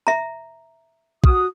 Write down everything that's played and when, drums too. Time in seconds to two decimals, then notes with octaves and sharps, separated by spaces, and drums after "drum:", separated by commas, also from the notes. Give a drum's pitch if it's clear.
0.07 E5 A#5
1.24 F#4 D#6, drum: kick